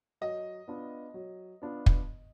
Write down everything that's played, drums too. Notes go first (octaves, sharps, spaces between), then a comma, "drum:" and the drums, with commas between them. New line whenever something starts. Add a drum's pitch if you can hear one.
F#3 D#5
B3 D4 F4
F#3
B3 D4 F4
drum: kick